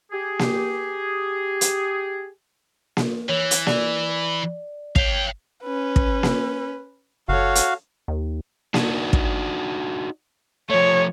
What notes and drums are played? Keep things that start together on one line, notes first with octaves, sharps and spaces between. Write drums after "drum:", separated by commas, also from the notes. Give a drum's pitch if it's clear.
G4 G#4
drum: snare A#3
drum: hi-hat
drum: snare A#3
E3 C#5
drum: hi-hat
D5, drum: snare A#3
C#5 F5 G5 F7, drum: kick
C#4 B4
drum: kick
drum: snare A#3
F#1 F#4 A4 C#5 F5
drum: hi-hat
D#2
D4 D#4 F#4, drum: snare A#3
drum: kick
F3 A3 C#5